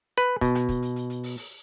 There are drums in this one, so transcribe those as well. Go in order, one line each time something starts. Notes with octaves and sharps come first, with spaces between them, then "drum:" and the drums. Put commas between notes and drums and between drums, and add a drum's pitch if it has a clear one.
B4
B2, drum: kick, hi-hat
drum: rim click
drum: kick, hi-hat
drum: hi-hat
drum: hi-hat
drum: hi-hat
drum: open hi-hat
drum: open hi-hat